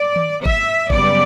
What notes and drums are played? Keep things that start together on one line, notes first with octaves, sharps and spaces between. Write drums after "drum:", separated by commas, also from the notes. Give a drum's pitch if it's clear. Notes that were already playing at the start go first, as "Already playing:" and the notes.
Already playing: D5
drum: tom D#3
E5, drum: kick
F#2 C#3 G3 B3 D5, drum: kick